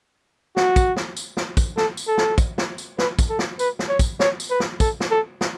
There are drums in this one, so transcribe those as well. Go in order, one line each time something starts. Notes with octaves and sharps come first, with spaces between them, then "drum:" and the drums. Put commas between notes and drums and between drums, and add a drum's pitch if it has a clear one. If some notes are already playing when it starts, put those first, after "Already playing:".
F#4, drum: snare
drum: kick, tambourine
drum: snare
drum: tambourine
drum: snare
drum: kick, tambourine
A4, drum: snare
drum: tambourine
A4
drum: snare
drum: kick, tambourine
drum: snare
drum: tambourine
B4, drum: snare
drum: kick, tambourine
A4
drum: snare
B4, drum: tambourine
drum: snare
C#5
drum: kick, tambourine
C#5, drum: snare
drum: tambourine
B4
drum: snare
A4, drum: kick, tambourine
drum: snare
A4
drum: snare